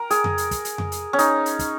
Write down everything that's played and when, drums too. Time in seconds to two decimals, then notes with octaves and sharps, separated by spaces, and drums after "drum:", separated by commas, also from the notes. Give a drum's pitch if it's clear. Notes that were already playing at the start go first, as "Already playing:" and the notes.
Already playing: A#4
0.10 G#4, drum: hi-hat
0.24 drum: tom F2
0.38 drum: hi-hat
0.51 drum: kick, hi-hat
0.65 drum: hi-hat
0.78 drum: tom F2
0.92 drum: hi-hat
1.13 C#4
1.19 D#4, drum: hi-hat
1.46 drum: hi-hat
1.59 drum: kick, hi-hat